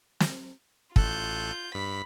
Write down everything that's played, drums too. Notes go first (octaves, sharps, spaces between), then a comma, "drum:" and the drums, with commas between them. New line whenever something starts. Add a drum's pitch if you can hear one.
drum: snare
A1 F4 A4 F#6 G6, drum: kick
G2 B5 B6